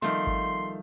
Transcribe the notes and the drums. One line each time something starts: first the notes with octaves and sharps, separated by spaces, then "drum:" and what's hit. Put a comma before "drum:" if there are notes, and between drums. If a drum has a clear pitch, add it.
D#3 F3 G3 A3 C4 C6, drum: snare
drum: kick G1